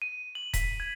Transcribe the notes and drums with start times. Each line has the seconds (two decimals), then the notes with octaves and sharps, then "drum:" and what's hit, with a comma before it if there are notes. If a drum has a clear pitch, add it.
0.02 D#7
0.35 F#7
0.54 B6, drum: kick D#1, hi-hat
0.80 G#6